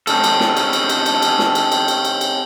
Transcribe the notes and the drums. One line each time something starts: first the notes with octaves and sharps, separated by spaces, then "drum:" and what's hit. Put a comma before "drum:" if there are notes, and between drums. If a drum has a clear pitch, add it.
C4 C#4 D#4 A4, drum: cymbal
drum: cymbal
drum: snare
drum: cymbal
drum: cymbal
drum: cymbal
drum: cymbal
drum: cymbal
drum: snare
drum: cymbal
drum: cymbal
drum: cymbal
drum: cymbal
drum: cymbal